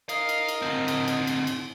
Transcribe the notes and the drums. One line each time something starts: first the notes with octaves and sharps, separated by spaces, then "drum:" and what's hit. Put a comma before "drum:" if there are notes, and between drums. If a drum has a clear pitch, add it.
A#4 D#5 F5, drum: cymbal
drum: cymbal
drum: cymbal
D3 C4
drum: cymbal
drum: cymbal
drum: cymbal
drum: cymbal